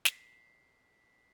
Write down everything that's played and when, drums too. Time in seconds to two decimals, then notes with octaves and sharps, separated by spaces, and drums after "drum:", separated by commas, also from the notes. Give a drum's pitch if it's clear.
0.05 B6 C7, drum: snare